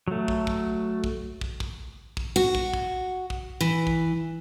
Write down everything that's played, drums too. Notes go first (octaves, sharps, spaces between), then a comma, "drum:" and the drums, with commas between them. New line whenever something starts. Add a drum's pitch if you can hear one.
F#3 A3
drum: kick
drum: kick
drum: kick
drum: kick
drum: kick
drum: kick
F#4
drum: kick
drum: kick
drum: kick
E3
drum: kick